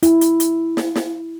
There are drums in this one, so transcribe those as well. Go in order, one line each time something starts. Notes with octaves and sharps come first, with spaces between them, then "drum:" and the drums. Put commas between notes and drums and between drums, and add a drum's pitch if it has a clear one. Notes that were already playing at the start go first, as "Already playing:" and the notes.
E4, drum: hi-hat
drum: hi-hat
drum: hi-hat
drum: snare
drum: snare